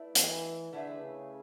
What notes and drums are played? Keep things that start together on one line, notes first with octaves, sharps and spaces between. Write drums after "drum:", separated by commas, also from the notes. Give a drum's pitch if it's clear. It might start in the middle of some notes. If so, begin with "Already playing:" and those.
Already playing: A3 E4 B4 D5
E3, drum: hi-hat
D3 A3 E4 G#4 B4
C#3